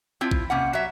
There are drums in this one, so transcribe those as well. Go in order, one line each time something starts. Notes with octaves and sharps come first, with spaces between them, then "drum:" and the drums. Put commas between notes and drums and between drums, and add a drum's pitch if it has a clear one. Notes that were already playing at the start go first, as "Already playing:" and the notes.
C4 E4 F4
drum: kick
C3 A#3 C#4 F#5
F#3 E5